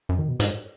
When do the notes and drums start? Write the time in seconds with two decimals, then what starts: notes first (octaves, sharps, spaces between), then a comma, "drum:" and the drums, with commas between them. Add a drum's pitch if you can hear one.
0.09 F#2
0.19 D#3
0.29 B2
0.40 G#2, drum: hi-hat